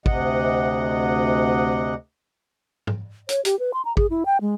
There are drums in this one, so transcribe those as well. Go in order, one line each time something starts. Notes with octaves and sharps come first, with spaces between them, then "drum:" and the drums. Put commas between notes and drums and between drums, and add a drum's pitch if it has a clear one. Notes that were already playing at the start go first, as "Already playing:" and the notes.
D2 C3 D#5 F#5, drum: kick
drum: tom G#2
C#5, drum: hi-hat
G4, drum: hi-hat
B4
C6
A#5
G#4, drum: kick
E4
G5
G#3